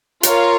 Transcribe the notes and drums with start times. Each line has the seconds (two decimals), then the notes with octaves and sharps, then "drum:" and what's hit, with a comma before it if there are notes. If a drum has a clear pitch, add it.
0.23 F4 A#4 C#5 F5, drum: hi-hat